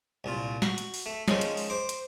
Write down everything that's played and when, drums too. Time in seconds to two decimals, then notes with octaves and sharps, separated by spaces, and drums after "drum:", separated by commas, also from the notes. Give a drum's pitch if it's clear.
0.24 C2 A#2 F4
0.62 F#4, drum: snare
0.78 drum: hi-hat
0.94 drum: open hi-hat
1.06 A3
1.28 D#3 F3 G#3 C#4 D#4, drum: snare
1.41 drum: hi-hat
1.57 drum: open hi-hat
1.70 C5 D6
1.89 drum: hi-hat